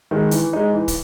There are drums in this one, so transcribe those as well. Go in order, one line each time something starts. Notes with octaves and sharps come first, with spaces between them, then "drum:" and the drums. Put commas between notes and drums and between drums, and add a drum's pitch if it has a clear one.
D#3 G#3
E3, drum: hi-hat
G#3 D#4
E3
drum: kick, hi-hat